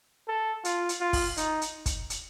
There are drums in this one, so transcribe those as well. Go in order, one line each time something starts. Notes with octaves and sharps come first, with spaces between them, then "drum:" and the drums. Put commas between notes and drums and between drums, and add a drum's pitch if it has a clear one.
A4
F4, drum: hi-hat
drum: hi-hat
F4
drum: kick, open hi-hat
D#4, drum: hi-hat
drum: hi-hat
drum: kick, hi-hat
drum: hi-hat